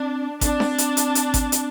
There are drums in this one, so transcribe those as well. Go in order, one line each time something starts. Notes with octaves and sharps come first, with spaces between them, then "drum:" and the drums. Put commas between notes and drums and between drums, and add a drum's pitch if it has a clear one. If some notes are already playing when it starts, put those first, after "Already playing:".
Already playing: C4 D4
C4 D4, drum: kick G#1, hi-hat
drum: snare D4
drum: hi-hat
drum: hi-hat
drum: hi-hat
drum: kick G#1, hi-hat
drum: hi-hat